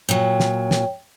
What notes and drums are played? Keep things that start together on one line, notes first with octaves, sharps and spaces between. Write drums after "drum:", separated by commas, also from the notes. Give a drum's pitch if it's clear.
A#2 F#3 C#5 G5
drum: snare
drum: snare